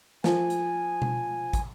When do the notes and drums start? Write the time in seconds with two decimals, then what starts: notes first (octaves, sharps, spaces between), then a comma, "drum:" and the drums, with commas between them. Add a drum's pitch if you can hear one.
0.24 F3 G#5, drum: snare
0.50 drum: hi-hat
1.02 drum: tom B2
1.53 drum: kick, hi-hat